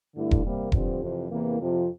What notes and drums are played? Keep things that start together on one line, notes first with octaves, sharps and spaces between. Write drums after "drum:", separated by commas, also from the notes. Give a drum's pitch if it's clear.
G2 D3 A3 E4
drum: kick E1
C3 G3 A#3
G2 D3 F3 C4 G4, drum: kick E1
F2 C3 E3
E2 C3 E3 A#3
F2 C3 F3